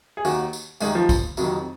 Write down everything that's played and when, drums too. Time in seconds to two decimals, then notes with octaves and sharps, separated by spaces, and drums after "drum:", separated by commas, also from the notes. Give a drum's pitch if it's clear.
0.17 G#4
0.25 D#2 D#3 F#4, drum: tambourine
0.53 drum: tambourine
0.80 D#2 D#3 G#3, drum: tambourine
0.95 F3
1.09 drum: kick, tambourine
1.37 F2 C3 D#3 F#3, drum: tambourine